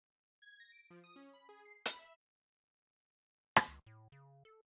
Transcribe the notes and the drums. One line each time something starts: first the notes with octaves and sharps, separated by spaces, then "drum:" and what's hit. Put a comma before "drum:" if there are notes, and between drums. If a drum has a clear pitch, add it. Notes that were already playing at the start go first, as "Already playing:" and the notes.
G#6
A#6
D7
F3
D#6
C#4
B5
G#4
C7
B5, drum: hi-hat
E5
drum: rim click
C#2
A2
C#3
A4